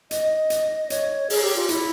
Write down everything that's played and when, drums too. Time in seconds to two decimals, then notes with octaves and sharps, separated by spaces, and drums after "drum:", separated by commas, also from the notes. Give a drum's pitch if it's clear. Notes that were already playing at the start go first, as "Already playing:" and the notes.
0.11 D#5, drum: hi-hat
0.50 drum: hi-hat
0.90 C#5, drum: hi-hat
1.30 G#4, drum: open hi-hat
1.42 G4
1.56 F4
1.69 E4, drum: hi-hat